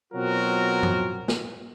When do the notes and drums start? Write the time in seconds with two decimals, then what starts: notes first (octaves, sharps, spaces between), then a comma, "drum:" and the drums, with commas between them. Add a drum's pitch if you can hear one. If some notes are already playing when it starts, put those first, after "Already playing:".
0.13 B2 F#3 C4 F4 F#4 A#4
0.83 drum: tom F#2
1.28 drum: snare